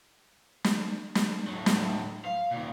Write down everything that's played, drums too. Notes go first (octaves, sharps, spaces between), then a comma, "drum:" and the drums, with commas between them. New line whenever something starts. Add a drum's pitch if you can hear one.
drum: snare
drum: snare
A2 F#3
drum: snare
F5
A#2 D#3